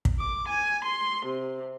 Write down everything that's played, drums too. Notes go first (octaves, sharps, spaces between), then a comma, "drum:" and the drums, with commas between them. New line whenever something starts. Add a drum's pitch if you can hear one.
drum: kick
D6
G#5
C6
C3